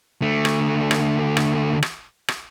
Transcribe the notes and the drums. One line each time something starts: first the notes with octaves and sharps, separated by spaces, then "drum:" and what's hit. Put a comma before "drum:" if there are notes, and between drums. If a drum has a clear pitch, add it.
D3 A3
drum: rim click
drum: rim click
drum: rim click
drum: rim click
drum: rim click